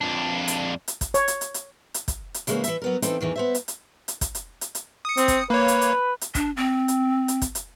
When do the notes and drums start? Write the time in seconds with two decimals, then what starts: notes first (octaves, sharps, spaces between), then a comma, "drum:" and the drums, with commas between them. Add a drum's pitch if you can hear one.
0.01 F2 D4
0.48 drum: hi-hat
0.88 drum: hi-hat
1.01 drum: kick, hi-hat
1.14 C#5, drum: hi-hat
1.28 drum: hi-hat
1.41 drum: hi-hat
1.54 drum: hi-hat
1.94 drum: hi-hat
2.08 drum: kick, hi-hat
2.34 drum: hi-hat
2.47 C#3 E3 G#3 A#3 C#4, drum: hi-hat
2.64 E3 E5, drum: hi-hat
2.82 F#3 B3 A#4
3.02 E3 C4 D4 D#4 A4 B4, drum: hi-hat
3.21 E2 D#3 E3
3.36 B3 C5 E5
3.55 drum: hi-hat
3.68 drum: hi-hat
4.08 drum: hi-hat
4.21 drum: kick, hi-hat
4.35 drum: hi-hat
4.61 drum: hi-hat
4.75 drum: hi-hat
5.05 D#6 C#7
5.17 C4, drum: hi-hat
5.28 drum: kick, hi-hat
5.50 A#3 B4 C#5
5.68 drum: hi-hat
5.81 drum: hi-hat
6.21 drum: hi-hat
6.35 D4, drum: kick, hi-hat
6.57 C4
6.88 drum: hi-hat
7.28 drum: hi-hat
7.42 drum: kick, hi-hat
7.55 drum: hi-hat